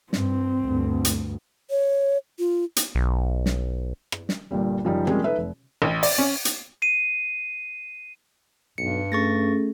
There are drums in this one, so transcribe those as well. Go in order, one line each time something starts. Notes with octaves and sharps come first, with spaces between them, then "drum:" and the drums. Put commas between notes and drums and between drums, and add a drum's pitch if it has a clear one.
G2 C4, drum: snare
D2 G2
drum: hi-hat
C#5
F4
drum: hi-hat
B1
drum: snare
drum: rim click
drum: snare
G1 G2 A#2 G3
F#2 C#3 F3 G3 D#4
C3 F3 G3 G#3 A#3 C#4, drum: tom
D#4 A4 B4 E5
F1
A1
D5, drum: open hi-hat
C#4
drum: hi-hat
C7 D#7
B1 G2 C#7
A3 C#4 G#4 C#6 A6 A#6